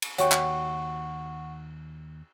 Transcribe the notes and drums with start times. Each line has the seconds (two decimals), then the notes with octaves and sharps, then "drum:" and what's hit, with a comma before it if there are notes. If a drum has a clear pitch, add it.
0.02 drum: cymbal
0.18 D#2 F#4 C#5 F#5 G5 C#6, drum: hi-hat
0.32 drum: clap